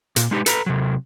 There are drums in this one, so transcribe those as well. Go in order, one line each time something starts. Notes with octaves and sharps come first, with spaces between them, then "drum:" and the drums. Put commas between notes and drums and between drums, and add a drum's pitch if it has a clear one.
A#2, drum: hi-hat
G#3 D#4 G4 B4
A4 B4 A#5, drum: hi-hat
C3 F#3